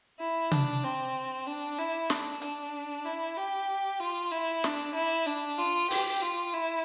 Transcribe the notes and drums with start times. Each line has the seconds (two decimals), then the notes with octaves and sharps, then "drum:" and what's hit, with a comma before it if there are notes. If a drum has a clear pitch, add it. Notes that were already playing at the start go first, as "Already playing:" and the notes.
0.20 E4
0.51 D4, drum: tom C3
0.84 C4
1.47 D4
1.78 E4
2.10 D4, drum: snare
2.42 D4, drum: hi-hat
3.05 E4
3.37 G4
4.00 F4
4.31 E4
4.64 D4, drum: snare
4.95 E4
5.26 D4
5.58 F4
5.91 G4, drum: open hi-hat
6.22 F4
6.53 E4